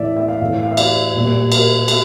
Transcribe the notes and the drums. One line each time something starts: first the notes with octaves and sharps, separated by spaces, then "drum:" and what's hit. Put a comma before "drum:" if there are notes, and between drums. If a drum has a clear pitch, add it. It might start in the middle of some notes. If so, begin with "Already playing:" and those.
Already playing: A2 E3 A3 D5 E5
E5
F5
A2 E3 A3
F5
E5
D5, drum: cymbal
A#2 G3 A#3
A#4, drum: cymbal
A3, drum: cymbal